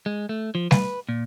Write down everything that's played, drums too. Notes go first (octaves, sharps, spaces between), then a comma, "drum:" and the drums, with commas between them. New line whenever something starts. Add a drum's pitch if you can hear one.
G#3
A3
F3
B4, drum: snare G3
A#2